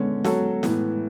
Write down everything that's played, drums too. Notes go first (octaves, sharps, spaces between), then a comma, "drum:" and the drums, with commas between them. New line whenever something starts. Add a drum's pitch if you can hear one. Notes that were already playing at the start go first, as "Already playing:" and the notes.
Already playing: D3 G#3 B3 C#4
F#3 C#4 F#4 A4, drum: snare
A2 E3 B3, drum: snare